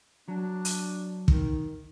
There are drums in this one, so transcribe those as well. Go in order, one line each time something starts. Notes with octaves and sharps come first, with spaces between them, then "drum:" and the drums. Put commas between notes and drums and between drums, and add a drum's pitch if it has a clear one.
F#3 D4
drum: hi-hat
D#3, drum: kick